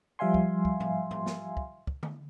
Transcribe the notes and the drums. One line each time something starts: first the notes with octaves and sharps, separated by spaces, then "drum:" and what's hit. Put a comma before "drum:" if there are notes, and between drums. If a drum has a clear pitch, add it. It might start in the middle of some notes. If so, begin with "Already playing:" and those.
F3 G3 E5 F5 G#5 C6
drum: kick
drum: kick
drum: tom
drum: tom
drum: snare
drum: kick
drum: kick
drum: tom D3